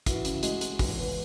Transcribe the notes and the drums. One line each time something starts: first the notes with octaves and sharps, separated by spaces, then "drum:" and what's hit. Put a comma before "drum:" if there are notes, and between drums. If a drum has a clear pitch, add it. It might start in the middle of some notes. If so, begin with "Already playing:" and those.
E3 F#4, drum: kick, hi-hat
C#3 E4, drum: hi-hat
G#3 F#4, drum: hi-hat
G#3, drum: hi-hat
E2, drum: kick, open hi-hat
B3